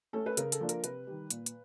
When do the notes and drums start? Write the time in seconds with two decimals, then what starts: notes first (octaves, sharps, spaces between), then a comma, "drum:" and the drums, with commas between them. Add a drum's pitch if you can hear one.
0.13 A3 C#4 A4
0.26 B4
0.37 C#3 A#4, drum: hi-hat
0.52 A4, drum: hi-hat
0.60 F3 A#3 D4
0.69 A#4, drum: hi-hat
0.84 C3 B4, drum: hi-hat
1.07 D#3 G3
1.31 A#2, drum: hi-hat
1.46 drum: hi-hat